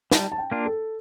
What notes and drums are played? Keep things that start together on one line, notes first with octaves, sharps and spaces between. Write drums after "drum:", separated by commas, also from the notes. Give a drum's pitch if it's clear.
G3 A5, drum: snare
A5
G5
A#3 D4 F4
A4